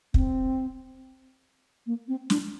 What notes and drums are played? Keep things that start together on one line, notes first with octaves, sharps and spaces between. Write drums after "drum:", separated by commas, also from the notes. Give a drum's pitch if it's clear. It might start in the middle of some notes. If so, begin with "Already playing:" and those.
C4, drum: kick
A#3
C4
D4, drum: snare